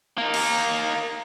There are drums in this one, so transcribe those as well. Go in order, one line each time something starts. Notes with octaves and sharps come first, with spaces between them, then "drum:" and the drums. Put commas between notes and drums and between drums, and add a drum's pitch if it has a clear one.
A#3 D#4
drum: cymbal